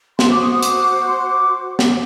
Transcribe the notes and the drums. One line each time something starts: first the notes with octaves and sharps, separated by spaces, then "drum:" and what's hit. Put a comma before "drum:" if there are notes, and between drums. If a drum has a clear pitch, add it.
F#4 C5 C6, drum: snare
D6
D#6
D#6
D6, drum: hi-hat
C6
D6
drum: snare